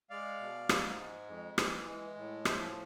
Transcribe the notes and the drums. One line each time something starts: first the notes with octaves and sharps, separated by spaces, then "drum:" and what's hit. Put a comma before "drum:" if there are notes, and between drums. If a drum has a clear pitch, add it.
G#3 D5 F5
B2
G#2, drum: rim click
G#3
F2
E3, drum: rim click
G#3
A2
F3 C5 E5, drum: rim click